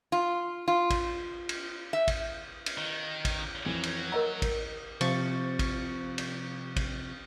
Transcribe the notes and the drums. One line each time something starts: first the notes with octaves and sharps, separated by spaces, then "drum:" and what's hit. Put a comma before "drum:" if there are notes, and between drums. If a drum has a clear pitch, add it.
F4
F4
drum: kick, cymbal
drum: cymbal
E5
drum: kick, cymbal
drum: cymbal
D#3
drum: kick, cymbal
F2 E3 F#3
drum: cymbal
A#4 D#5 F#5 A#5
drum: kick, cymbal
C3 F3 C#6 A6, drum: cymbal
drum: kick, cymbal
drum: cymbal
drum: kick, cymbal